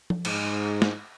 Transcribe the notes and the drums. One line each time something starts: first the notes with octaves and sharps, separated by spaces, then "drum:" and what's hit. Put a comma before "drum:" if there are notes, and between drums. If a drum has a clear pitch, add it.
drum: tom F3
G#2, drum: cymbal
drum: snare